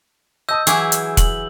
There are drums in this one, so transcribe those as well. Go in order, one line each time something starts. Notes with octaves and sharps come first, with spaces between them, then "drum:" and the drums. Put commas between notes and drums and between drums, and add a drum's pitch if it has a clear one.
D#5 A5 D#6 E6 G6
E3 F#3 E4 G#4 C#6 D6, drum: hi-hat
drum: hi-hat
F#7, drum: kick E1, hi-hat